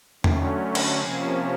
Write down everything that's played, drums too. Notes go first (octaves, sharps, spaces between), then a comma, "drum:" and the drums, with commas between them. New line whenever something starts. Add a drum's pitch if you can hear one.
D3 F#3 A3 C#4, drum: tom E2
drum: cymbal
C3 F3 A#3 C#4 G#5